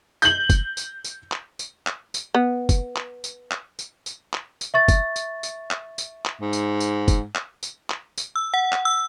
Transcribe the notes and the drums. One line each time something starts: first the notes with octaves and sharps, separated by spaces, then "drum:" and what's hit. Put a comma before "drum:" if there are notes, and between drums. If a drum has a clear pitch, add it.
G6 F#7, drum: tambourine
drum: kick, tambourine
drum: tambourine
drum: tambourine
drum: clap
drum: tambourine
drum: clap
drum: tambourine
B3
drum: kick, tambourine
drum: clap
drum: tambourine
drum: clap
drum: tambourine
drum: tambourine
drum: clap
drum: tambourine
E5 C#6 A6
drum: kick, tambourine
drum: tambourine
drum: tambourine
drum: clap
drum: tambourine
drum: clap
G#2
drum: tambourine
drum: tambourine
drum: kick, tambourine
drum: clap
drum: tambourine
drum: clap
drum: tambourine
E6
F#5
drum: clap
E6